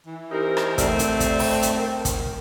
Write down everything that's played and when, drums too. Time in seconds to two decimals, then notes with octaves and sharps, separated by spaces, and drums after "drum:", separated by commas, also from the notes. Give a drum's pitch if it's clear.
0.07 E3
0.31 C4 D#4 G4 A#4
0.57 drum: rim click
0.78 A3 C4 D5, drum: kick, hi-hat
0.99 drum: hi-hat
1.20 drum: kick, hi-hat
1.39 G5, drum: open hi-hat
1.63 drum: hi-hat
1.77 A#4
2.05 drum: kick, hi-hat